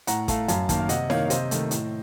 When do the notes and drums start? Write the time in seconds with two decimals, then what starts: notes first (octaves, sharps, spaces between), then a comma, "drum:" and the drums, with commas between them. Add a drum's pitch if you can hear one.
0.07 A2 F#5 A#5, drum: hi-hat
0.28 A3 F5 A5, drum: kick, hi-hat
0.48 F#2 F5 A5, drum: hi-hat
0.69 D#3 A#3 F5 A5, drum: kick, hi-hat
0.80 F5
0.89 C3 D#5 F#5, drum: hi-hat
1.10 D#3 A#3 C#5 F5, drum: snare E4
1.25 F5
1.30 C3 C5 D#5, drum: hi-hat
1.51 D#3 A3, drum: hi-hat
1.71 A2, drum: hi-hat